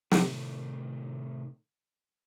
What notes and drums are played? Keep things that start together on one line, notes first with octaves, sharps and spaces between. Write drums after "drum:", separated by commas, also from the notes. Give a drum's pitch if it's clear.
A2 C3 D#3 A3, drum: snare